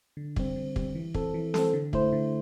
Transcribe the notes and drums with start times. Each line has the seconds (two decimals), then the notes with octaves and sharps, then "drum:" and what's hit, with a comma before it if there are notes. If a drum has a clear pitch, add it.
0.17 D3
0.36 G3 C4, drum: kick
0.56 D3
0.76 G3 C4, drum: kick
0.95 E3
1.14 C4 A4, drum: kick
1.34 E3
1.54 C4 A4, drum: snare
1.74 D3
1.93 A3 E4 C5, drum: kick
2.13 D3